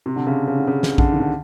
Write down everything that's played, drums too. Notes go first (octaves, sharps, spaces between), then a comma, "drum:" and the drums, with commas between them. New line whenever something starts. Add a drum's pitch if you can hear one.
C3
D3
C#3
C#3
D3
C#3
drum: snare
D3, drum: kick A#1
D#3
D3